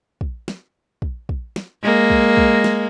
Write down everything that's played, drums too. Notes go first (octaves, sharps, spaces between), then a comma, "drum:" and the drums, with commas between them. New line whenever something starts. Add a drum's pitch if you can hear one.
drum: kick
drum: snare
drum: kick
drum: kick
drum: snare
G#3 A#3
drum: kick
drum: kick
drum: snare